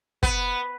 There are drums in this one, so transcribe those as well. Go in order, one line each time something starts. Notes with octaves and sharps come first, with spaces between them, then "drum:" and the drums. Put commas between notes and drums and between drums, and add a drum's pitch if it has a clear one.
B3, drum: kick